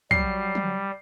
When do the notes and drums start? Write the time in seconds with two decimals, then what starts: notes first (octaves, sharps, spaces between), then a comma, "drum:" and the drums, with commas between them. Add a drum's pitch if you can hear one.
0.11 F#3 G3 C7, drum: tom
0.55 drum: tom